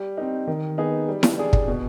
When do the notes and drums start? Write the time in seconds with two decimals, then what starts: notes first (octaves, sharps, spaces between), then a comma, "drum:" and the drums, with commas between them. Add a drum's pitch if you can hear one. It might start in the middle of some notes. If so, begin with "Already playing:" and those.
Already playing: G3
0.17 C4 D#4
0.47 D#3
0.78 B3 D#4 G#4
1.08 G3
1.23 drum: snare E4
1.38 D4 G#4
1.53 drum: kick
1.68 B2